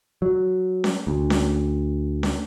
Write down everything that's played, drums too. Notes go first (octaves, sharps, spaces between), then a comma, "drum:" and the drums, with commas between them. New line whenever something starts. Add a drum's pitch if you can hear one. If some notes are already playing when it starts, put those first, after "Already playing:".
F#3
drum: snare C#4
D2
drum: snare C#4
drum: snare C#4